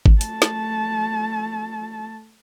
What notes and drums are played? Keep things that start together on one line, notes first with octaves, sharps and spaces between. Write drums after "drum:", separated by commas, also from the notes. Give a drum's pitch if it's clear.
drum: kick G#1
A3 A5, drum: hi-hat
drum: snare